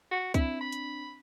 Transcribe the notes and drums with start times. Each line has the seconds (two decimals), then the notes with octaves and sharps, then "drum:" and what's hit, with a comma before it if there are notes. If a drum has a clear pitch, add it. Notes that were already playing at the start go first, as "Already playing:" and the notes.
0.11 F#4
0.34 C4 D4 E4, drum: kick C2, hi-hat
0.61 B5
0.72 drum: hi-hat